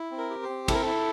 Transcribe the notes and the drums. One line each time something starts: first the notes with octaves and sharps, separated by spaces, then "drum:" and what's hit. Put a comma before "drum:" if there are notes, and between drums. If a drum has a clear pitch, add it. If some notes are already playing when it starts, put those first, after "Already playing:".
Already playing: E4
C4
A#4
G4
C5
C4
E4 A4, drum: kick, cymbal
A#4
E4 A4